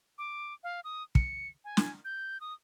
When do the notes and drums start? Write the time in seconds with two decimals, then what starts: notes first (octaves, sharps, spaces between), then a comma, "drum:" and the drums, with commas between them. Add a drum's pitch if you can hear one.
0.18 D6
0.64 F5
0.84 D#6
1.15 C#7, drum: kick
1.64 G#5
1.77 drum: snare
2.05 G6
2.41 D#6